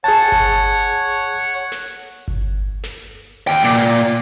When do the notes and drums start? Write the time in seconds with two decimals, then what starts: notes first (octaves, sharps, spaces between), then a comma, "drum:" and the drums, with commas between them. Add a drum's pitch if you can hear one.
0.04 G#4 C#5 F#5 A5
0.32 drum: kick G1
1.72 drum: snare
2.28 drum: kick G1
2.84 drum: snare
3.47 D#2 G5
3.64 A#2